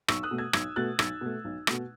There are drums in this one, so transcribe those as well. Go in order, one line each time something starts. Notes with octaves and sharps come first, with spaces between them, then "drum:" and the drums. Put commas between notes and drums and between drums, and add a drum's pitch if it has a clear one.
B1 C#6 E6, drum: rim click
D#6 F#6
B2 A3
E6 G#6
B1 E6 G#6, drum: rim click
B2 A3 F#6 A6
B1 E6 G#6, drum: rim click
B2 A3
B1
B2 A3, drum: rim click